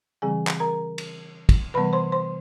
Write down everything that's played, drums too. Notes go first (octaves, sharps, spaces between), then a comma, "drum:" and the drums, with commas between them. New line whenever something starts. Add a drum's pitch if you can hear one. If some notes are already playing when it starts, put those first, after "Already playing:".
C#3 E3 G3 C4 G#4 G#5
drum: clap
A#4 A#5
drum: cymbal
drum: kick, cymbal
C3 E3 G3 B3 B4 B5
C5 C6
C5 C6